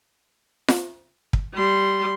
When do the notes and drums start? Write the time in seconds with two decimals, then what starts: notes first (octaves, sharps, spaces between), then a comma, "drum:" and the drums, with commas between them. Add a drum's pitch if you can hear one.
0.68 drum: snare F4
1.33 drum: kick
1.55 G3 C6